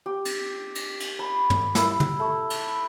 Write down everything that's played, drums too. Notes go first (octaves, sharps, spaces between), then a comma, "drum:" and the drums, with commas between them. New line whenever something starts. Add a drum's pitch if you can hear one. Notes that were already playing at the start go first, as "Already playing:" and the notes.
G4
drum: cymbal
drum: cymbal
drum: cymbal
B5
drum: tom
E4, drum: snare
drum: tom
A3
drum: cymbal